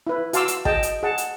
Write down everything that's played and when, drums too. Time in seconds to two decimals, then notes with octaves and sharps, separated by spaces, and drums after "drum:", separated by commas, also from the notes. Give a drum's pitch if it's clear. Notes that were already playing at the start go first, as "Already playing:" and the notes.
0.07 E4 B4
0.33 F#4 F5 A5 C6 D6 E6, drum: hi-hat
0.48 drum: hi-hat
0.65 G#4 D#5 G5 A5, drum: kick
0.83 drum: hi-hat
1.03 G#4 F#5 A5
1.18 drum: hi-hat